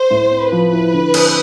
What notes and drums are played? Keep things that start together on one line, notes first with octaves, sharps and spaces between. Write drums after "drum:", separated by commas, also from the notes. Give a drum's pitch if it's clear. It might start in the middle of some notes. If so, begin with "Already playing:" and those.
Already playing: C5
A2
C4
F3 B4
E4
D3
C4, drum: cymbal